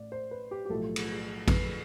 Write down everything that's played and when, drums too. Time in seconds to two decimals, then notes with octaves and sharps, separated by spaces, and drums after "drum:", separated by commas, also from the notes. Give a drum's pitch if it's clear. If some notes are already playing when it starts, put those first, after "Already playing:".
Already playing: A1 A2 D5
0.12 C5
0.31 B4
0.51 G4
0.66 G4
0.70 B1 A2 F3 A3 A4
0.96 drum: cymbal
1.48 B4, drum: kick G#1, cymbal